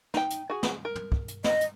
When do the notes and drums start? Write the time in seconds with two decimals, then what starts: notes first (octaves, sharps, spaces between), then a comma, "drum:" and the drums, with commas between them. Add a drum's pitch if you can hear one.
0.14 D#4 G5, drum: snare
0.30 drum: hi-hat
0.50 F#4 G#4
0.63 drum: snare
0.85 A#4
0.95 drum: tom
1.12 drum: kick
1.28 drum: hi-hat
1.44 D#5, drum: snare
1.61 drum: hi-hat